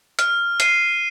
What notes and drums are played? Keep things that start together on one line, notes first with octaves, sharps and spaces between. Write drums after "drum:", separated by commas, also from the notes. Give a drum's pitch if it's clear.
F6, drum: hi-hat
C7 D#7, drum: hi-hat